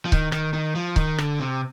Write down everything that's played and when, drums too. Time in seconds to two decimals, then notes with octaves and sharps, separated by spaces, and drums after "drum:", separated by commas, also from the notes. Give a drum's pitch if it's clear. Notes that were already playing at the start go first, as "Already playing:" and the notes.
0.05 F3
0.12 D#3, drum: kick C#1
0.32 D#3, drum: rim click
0.53 D#3
0.75 F3
0.96 D#3, drum: kick C#1
1.18 D3, drum: rim click
1.40 C3